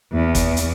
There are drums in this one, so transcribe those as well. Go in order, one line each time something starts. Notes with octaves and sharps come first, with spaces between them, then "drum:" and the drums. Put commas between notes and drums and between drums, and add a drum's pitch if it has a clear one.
E2
drum: kick, hi-hat
drum: hi-hat